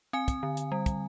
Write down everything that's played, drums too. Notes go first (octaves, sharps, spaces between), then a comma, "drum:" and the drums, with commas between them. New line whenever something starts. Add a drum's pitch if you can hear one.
C4 G#5
drum: kick, hi-hat
D3
drum: hi-hat
G3
drum: kick, hi-hat